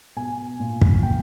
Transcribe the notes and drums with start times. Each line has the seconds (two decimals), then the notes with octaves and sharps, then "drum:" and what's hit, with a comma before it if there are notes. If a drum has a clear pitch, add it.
0.16 B2 G#5
0.60 A#2
0.81 drum: kick
1.03 A#2 G5